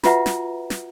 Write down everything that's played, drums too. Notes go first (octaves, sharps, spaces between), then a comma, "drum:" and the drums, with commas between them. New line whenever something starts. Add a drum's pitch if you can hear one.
F4 F#4 B4 E5 F#5 A#5, drum: snare
drum: snare
drum: snare